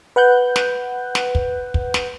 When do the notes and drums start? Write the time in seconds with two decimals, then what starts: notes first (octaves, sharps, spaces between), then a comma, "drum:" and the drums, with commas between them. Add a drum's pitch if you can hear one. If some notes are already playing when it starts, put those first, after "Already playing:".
0.16 B4 F#5 F#6 G6
0.56 drum: snare
1.15 drum: snare
1.35 drum: kick
1.74 drum: kick
1.94 drum: snare